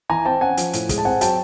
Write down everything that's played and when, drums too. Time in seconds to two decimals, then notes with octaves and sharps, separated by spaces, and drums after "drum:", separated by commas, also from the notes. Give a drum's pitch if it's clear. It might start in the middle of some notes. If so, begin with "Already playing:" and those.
0.10 E3 G#5 A#5
0.25 C4 G5 A5
0.41 C#4 F#5 G#5
0.57 F3, drum: hi-hat
0.73 A2, drum: hi-hat
0.89 G#3, drum: kick, hi-hat
0.98 A5
1.05 C4 F#5 G#5
1.21 F#3 G5 A5, drum: hi-hat